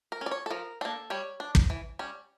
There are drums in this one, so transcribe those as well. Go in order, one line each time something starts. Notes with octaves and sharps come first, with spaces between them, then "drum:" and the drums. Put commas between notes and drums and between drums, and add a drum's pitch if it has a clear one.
A#4
C#4
D5
C#5
A4
F3 A#4
A#3 D4 A4
G3 C#5
D4
drum: kick
E3
G3 C#4